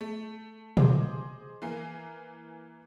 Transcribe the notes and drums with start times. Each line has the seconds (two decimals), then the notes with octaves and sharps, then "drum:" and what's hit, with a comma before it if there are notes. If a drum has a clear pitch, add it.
0.01 A3
0.77 G#4 C5 D#5 D6, drum: tom
1.62 E3 A#3 A#4 G#5 C7